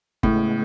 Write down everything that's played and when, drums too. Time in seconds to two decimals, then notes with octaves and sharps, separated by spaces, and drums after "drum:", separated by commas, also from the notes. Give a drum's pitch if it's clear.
0.23 A2 C#3 G#3 B3, drum: kick G1